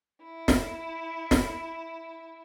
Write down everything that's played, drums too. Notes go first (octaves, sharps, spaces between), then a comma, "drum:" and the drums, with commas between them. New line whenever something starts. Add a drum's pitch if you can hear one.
E4
drum: snare
drum: snare